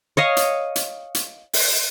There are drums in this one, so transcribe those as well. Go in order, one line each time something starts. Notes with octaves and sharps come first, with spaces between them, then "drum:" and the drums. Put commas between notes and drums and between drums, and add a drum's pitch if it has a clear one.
C#5 D#5 F5
drum: hi-hat
drum: hi-hat
drum: hi-hat
drum: open hi-hat